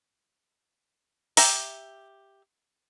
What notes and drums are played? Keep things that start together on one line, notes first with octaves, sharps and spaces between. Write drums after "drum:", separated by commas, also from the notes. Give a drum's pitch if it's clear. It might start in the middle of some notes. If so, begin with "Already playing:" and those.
G4 E5 A#5, drum: open hi-hat